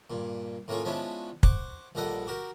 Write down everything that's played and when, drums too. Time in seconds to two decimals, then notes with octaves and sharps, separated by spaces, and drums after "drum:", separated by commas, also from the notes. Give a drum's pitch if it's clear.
0.10 G2 A#2
0.68 A2 A#3 C#4 F4 G#4
0.85 F3 G#3 B3 C#4 D4 E4
1.43 C5 F#5 C#6 D6, drum: kick
1.95 A#1 A#2 G3 A4 D#5 F#5
2.27 F#4 G4 A#4